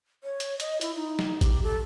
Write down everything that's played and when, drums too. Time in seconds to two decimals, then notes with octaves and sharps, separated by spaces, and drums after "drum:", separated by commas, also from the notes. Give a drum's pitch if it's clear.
0.24 C#5
0.40 drum: hi-hat
0.60 D#5, drum: hi-hat
0.81 E4, drum: hi-hat
0.95 D#4
1.19 drum: snare
1.41 G4, drum: kick, hi-hat
1.64 A4